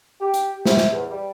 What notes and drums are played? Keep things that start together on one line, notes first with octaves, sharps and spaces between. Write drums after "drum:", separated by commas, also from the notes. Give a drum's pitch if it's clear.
G4
drum: hi-hat
C3, drum: snare
drum: snare
E2
G3